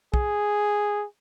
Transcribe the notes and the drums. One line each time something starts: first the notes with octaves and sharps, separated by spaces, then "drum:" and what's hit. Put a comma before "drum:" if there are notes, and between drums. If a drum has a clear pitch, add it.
G#4, drum: kick